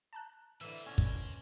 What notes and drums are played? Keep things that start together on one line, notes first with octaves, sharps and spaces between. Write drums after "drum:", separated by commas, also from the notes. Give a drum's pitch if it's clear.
A5 A#5 F#6
A#2 D3 E3 E5 E6
B2 C#4
drum: kick